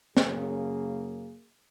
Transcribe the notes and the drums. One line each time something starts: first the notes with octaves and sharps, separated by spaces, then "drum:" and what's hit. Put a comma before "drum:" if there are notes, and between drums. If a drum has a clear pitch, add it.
F#2 C#3 A#3 G#4, drum: snare